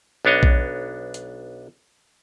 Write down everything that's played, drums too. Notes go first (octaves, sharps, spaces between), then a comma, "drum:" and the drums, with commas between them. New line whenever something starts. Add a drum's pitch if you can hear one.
B1 B3 D4 C#5 D#5
drum: kick A#1
drum: hi-hat